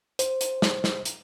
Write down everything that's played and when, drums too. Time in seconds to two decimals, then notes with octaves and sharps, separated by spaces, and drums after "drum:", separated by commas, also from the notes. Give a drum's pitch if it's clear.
0.19 C5, drum: hi-hat
0.41 drum: hi-hat
0.62 drum: snare
0.84 drum: snare
1.05 drum: hi-hat